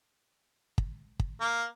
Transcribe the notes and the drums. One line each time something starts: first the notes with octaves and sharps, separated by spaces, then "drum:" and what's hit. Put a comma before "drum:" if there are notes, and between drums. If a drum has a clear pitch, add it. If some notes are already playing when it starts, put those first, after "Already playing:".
drum: kick
drum: kick
A#3